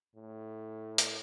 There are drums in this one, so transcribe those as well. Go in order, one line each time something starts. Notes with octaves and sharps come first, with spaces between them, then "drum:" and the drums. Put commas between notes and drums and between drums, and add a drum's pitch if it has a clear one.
A2
drum: hi-hat